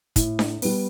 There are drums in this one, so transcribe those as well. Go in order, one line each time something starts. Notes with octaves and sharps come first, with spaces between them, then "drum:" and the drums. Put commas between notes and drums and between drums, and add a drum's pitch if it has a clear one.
A2, drum: kick, hi-hat
drum: snare D4
G3 B3, drum: open hi-hat